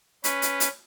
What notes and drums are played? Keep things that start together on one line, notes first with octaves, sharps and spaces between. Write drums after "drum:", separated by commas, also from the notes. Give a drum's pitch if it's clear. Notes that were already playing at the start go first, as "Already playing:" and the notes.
C#4 B4, drum: hi-hat
drum: hi-hat
drum: hi-hat